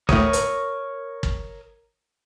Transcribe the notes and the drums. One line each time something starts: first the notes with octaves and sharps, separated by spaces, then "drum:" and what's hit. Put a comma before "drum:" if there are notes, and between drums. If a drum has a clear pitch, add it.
D2 A2 A#4 C#5 D#6, drum: kick
drum: hi-hat
drum: kick